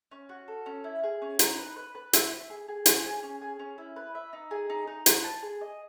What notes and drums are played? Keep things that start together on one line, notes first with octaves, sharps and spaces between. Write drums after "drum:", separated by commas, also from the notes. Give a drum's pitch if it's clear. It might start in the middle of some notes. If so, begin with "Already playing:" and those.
C#4
F#4
A4
C#4
E4
G#4
C#4
D#4, drum: hi-hat
B4
B4
B4
E5, drum: hi-hat
E5
G#4
G#4
C#4, drum: hi-hat
G#4
C#4
G#4
C#4
E4
B4
E5
D#4
G#4
D#4
D#4
B4, drum: hi-hat
A5
G#4
D#5